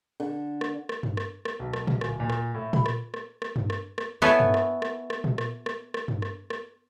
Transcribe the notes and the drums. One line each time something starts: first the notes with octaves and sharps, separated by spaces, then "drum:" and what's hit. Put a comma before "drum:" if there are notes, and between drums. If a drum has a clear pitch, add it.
D3
drum: rim click
drum: rim click
drum: tom G2
drum: rim click
drum: rim click
B1
drum: rim click
drum: tom A#2
D1, drum: rim click
A#2
drum: rim click
A2
B5, drum: tom A#2
drum: rim click
drum: rim click
drum: rim click
drum: tom G2
drum: rim click
drum: rim click
B3 E4 A4 B4 C#5 G#5
drum: tom G2
drum: rim click
drum: rim click
drum: rim click
drum: tom A#2
drum: rim click
drum: rim click
drum: rim click
drum: tom G2
drum: rim click
drum: rim click